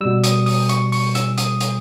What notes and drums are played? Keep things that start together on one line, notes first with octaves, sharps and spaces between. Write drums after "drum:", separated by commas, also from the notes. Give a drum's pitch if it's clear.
B2 G3 E6
D#6, drum: hi-hat
D#6, drum: open hi-hat
C#6, drum: hi-hat
C#6, drum: open hi-hat
E6, drum: hi-hat
D#6, drum: hi-hat
drum: hi-hat